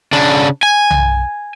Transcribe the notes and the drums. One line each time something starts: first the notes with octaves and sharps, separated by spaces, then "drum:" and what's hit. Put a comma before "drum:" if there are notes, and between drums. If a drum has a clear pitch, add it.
C#3 D4
G#5
drum: tom B1